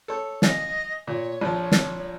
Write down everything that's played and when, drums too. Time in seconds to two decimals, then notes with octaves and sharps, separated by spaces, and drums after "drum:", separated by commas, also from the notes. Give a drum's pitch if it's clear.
0.08 A4 C#5
0.42 D#5 F5 G#5, drum: snare
1.07 A#2 C#5
1.41 A#1 F3
1.72 drum: snare